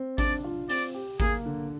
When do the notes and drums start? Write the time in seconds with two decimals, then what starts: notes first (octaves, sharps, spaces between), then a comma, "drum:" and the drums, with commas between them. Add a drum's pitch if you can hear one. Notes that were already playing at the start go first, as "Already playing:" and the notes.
Already playing: C4
0.18 D4 D5, drum: kick G#1, hi-hat
0.44 F4
0.69 C4 D5, drum: hi-hat
0.94 G4
1.20 A#3 G#4, drum: kick G#1, hi-hat
1.46 D3